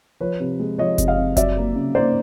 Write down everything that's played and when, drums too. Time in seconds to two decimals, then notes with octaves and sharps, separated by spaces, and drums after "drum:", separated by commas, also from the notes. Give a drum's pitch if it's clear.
0.21 F3 B4 C#5
0.40 C3
0.59 G#3
0.78 F3 C#5 D#5
0.98 C3, drum: kick F#1, hi-hat
1.08 D#5 F5
1.18 C3
1.37 F#3 D5 E5, drum: kick F#1, hi-hat
1.57 A#3
1.75 C#3
1.95 A#3 C5 D5